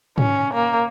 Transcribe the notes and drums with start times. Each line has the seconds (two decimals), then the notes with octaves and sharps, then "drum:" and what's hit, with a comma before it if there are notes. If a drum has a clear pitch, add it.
0.18 C#4, drum: tom G#2
0.54 A#3